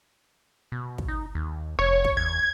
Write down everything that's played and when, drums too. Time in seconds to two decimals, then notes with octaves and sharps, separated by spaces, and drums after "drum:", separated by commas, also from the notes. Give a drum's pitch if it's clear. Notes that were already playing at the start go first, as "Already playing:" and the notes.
0.72 B2
0.98 drum: kick
1.08 D#4
1.35 D#2
1.79 F1 C#5
2.04 drum: kick
2.17 E2 G#6